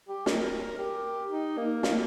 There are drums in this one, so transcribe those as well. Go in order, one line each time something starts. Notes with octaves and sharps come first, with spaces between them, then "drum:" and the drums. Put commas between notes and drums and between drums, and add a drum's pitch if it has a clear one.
G4
A#4, drum: snare
G4
D#4
A#3
A#3, drum: snare